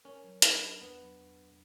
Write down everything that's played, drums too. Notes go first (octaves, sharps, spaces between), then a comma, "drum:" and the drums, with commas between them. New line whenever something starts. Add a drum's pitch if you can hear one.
C#4 A#4
F#3
A#4, drum: hi-hat
D4
E2 B3
F#3
E2
E2